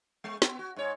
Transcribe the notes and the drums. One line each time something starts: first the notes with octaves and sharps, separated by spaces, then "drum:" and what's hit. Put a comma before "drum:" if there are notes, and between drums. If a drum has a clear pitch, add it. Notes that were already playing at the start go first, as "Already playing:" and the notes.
G#3
B3, drum: snare
F#4
G#2 C#5